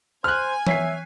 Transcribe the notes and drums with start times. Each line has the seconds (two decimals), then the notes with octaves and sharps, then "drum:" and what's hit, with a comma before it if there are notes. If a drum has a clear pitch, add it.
0.24 C5 G#5 F6 F#6
0.67 C#5 E5 B6 C7, drum: tom E3